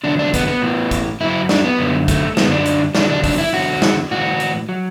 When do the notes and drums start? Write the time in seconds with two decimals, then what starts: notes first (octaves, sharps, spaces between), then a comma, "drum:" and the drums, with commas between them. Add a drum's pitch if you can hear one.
0.04 E2 D3 F#3 D4
0.19 D4
0.34 B3, drum: kick, hi-hat
0.47 B3
0.62 A2 E3
0.91 drum: kick, hi-hat
1.20 F#2 F#3 E4
1.49 D4, drum: snare
1.65 B3
1.79 F#2 D3 F#3
2.08 A3, drum: kick, hi-hat
2.37 F#2 D3 F#3 B3, drum: snare
2.51 D4
2.66 drum: hi-hat
2.95 E2 D3 F#3 D4, drum: snare
3.10 D4
3.24 D4, drum: kick, open hi-hat
3.38 E4
3.53 E2 D3 F#3 F#4
3.82 drum: snare
4.11 A2 E3 F#4
4.40 drum: hi-hat
4.69 F#3